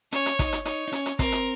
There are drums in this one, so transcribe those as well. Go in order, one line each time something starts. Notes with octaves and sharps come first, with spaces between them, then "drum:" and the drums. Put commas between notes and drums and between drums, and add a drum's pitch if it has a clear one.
C#4 C#5, drum: hi-hat
drum: hi-hat
D#4, drum: kick, hi-hat
drum: hi-hat
D#4 C#5, drum: hi-hat
D#4
C#4, drum: hi-hat
drum: hi-hat
C4 A#4, drum: kick, hi-hat
drum: hi-hat